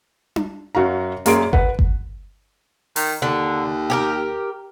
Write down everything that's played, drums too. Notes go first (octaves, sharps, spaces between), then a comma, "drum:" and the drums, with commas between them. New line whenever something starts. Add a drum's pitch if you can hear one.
drum: tom D4
F#2 F#4 F5 A#5
F#2 A#3 G#4 D5 C6 D7, drum: hi-hat
B4 F#5, drum: kick G1
drum: kick G1
D#3, drum: open hi-hat
D#2 D3
G4 G#4 A#4